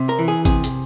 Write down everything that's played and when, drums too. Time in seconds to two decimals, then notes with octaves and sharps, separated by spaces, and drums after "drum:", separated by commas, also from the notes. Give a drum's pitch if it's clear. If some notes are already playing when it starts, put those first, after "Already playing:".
Already playing: C3
0.09 A#4
0.19 E3
0.28 G#4
0.45 C3 G#4, drum: kick, hi-hat
0.64 drum: hi-hat